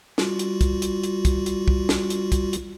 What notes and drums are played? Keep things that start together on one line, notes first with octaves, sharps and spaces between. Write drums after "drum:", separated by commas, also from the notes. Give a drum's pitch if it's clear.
G3 F4 F#4, drum: snare
drum: hi-hat
drum: kick, hi-hat
drum: hi-hat
drum: hi-hat
drum: kick, hi-hat
drum: hi-hat
drum: kick
drum: snare
drum: hi-hat
drum: kick, hi-hat
drum: hi-hat